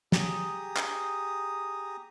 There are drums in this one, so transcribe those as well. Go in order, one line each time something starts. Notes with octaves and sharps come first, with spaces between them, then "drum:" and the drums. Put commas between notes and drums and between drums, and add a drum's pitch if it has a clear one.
G4 G#4 A#5 D#6, drum: snare
drum: clap